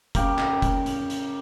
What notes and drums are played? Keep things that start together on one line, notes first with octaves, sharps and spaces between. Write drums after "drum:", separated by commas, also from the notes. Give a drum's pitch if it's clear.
C#3 G4 A#4, drum: kick F1, hi-hat
drum: clap
drum: kick F1, hi-hat
drum: hi-hat
drum: hi-hat